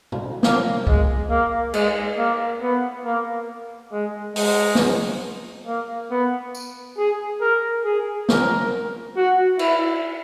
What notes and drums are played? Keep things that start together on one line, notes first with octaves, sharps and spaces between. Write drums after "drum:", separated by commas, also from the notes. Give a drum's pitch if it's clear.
drum: tom B2
A#3, drum: snare
G#3, drum: kick
A#3
G#3, drum: cymbal
A#3
B3
A#3
G#3
G#3, drum: open hi-hat
drum: snare
A#3
B3
drum: tambourine
G#4
A#4
G#4
A#4, drum: snare
F#4
E4, drum: cymbal